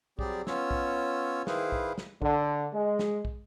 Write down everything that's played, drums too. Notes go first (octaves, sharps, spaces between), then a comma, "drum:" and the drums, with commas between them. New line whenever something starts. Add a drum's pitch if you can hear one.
F#3 G3 C4 G4 G#4 D5, drum: kick
B3 C#4 F4 C#5 E6, drum: snare
drum: kick
D#3 E4 G#4 B4 C5 F5, drum: snare
drum: kick
drum: snare
D3, drum: kick
G#3
drum: snare
drum: kick